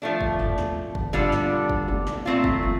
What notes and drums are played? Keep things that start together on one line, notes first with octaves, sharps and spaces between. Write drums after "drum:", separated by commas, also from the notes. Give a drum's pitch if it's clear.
F3 A3 D4
drum: kick
drum: tom
drum: snare
drum: kick
D3 G3 D4 F4 A4, drum: tom
drum: snare
drum: kick
drum: tom
drum: snare
A#2 A3 C4 F4
drum: kick
drum: tom